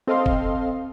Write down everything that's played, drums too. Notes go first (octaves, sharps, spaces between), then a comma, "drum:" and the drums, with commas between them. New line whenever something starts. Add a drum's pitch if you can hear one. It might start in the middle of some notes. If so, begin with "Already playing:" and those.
C4 A4 D#5 F5 C6
drum: kick